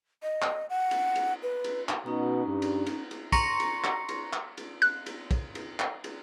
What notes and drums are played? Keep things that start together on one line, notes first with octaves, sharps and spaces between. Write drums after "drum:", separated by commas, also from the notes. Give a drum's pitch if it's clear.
D#5
drum: clap
F#5
drum: cymbal
drum: cymbal
B4
drum: cymbal
drum: clap
B2 C#4 D#4 A#5
G2
drum: cymbal
drum: cymbal
drum: cymbal
A#5 C6 C#6 A#6 C#7, drum: kick, cymbal
drum: cymbal
drum: clap
drum: cymbal
drum: clap
drum: cymbal
F#6, drum: cymbal
drum: cymbal
drum: kick, cymbal
drum: cymbal
drum: clap
drum: cymbal